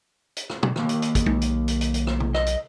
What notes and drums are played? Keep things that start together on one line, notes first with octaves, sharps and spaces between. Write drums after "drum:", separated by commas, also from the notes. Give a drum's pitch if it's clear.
drum: hi-hat
drum: rim click
drum: tom
D#3 A#3, drum: rim click
drum: hi-hat
drum: hi-hat
drum: kick, hi-hat
B1, drum: tom G#3
drum: hi-hat
drum: hi-hat
drum: hi-hat
drum: hi-hat
drum: rim click
drum: tom
D#5, drum: rim click
drum: hi-hat